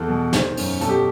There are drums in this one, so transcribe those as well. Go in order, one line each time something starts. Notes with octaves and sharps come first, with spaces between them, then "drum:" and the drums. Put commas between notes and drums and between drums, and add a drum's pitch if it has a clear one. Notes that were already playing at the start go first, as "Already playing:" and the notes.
Already playing: E2 E3 A4
B2
D#3 C5, drum: snare
F#2, drum: open hi-hat
B2 A4, drum: hi-hat
G4